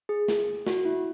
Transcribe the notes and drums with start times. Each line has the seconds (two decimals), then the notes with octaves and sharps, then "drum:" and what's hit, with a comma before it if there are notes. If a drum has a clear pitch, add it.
0.09 G#4
0.28 drum: snare
0.67 F#4, drum: snare
0.85 E4